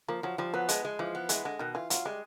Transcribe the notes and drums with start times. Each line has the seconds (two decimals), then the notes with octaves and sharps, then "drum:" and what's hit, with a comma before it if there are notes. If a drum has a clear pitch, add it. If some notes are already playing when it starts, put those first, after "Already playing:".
0.08 F3 A#3
0.23 F3 F#3
0.38 F3 G3
0.54 F#3 B3
0.69 F3 G#3, drum: hi-hat
0.85 G#3
0.99 E3 F3
1.15 B3
1.29 E3 G#3, drum: hi-hat
1.45 D3 G#3
1.59 B2 D#3
1.75 E3 F4
1.90 F#3 F4, drum: hi-hat
2.05 G3 G#3